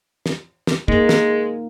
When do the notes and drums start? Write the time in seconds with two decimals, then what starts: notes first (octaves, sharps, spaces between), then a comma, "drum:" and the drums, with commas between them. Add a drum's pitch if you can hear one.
0.26 drum: snare
0.67 drum: snare
0.88 G#3 A#3 D#4, drum: kick
1.09 drum: snare